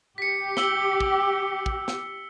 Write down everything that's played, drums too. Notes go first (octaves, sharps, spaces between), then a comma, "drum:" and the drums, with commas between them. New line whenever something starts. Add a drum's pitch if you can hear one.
G4 B6 C#7
E6 G7, drum: snare
drum: kick
drum: kick
drum: snare